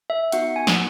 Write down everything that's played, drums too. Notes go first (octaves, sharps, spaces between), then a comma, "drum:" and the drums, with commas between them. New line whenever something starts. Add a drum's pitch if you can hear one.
E5
B3 D#4 F#4 F#5, drum: hi-hat
G#5
drum: snare